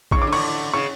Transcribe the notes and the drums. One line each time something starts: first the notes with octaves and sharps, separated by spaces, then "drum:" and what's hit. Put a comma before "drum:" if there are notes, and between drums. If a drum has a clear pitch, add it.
C#3 C#6, drum: kick A#1
D6
D3
C#6, drum: cymbal
C#3 C#6